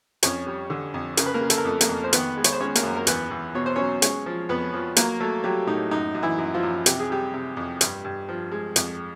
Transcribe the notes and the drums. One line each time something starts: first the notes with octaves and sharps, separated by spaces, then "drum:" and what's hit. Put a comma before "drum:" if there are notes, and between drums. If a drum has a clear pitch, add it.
F2 C#4 C#5, drum: hi-hat
G3
D3
F2
C#3 A#4, drum: hi-hat
B4
A#3 A#4
C#3
A4, drum: hi-hat
A#4
F2 A3 A4
A#3 A#4, drum: hi-hat
F2
C5
D#3 B3 B4, drum: hi-hat
G#3
C#5, drum: hi-hat
C5
G#3 C#4 C#5
A#3 A#4, drum: hi-hat
F#2
A#4
E2 B3 B4, drum: hi-hat
E2
B2 C#5
C5
F#3 C#4 C#5
G#3 C#4 C#5, drum: hi-hat
F3
F2 B3 B4
F3
F#3 A#3 A#4, drum: hi-hat
F#3 A3 A4
F#3 G3 G4
A2 D#4
F#2 D#4
F#2
E3 E4
F#2
F3 F4
F#2
C3 G4, drum: hi-hat
G#4
C3 G3 G4
C3
F2
G2, drum: hi-hat
G2
F3
G#3
F2, drum: hi-hat